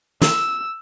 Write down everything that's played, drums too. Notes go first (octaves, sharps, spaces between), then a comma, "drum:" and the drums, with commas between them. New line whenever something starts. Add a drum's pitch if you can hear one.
E6, drum: snare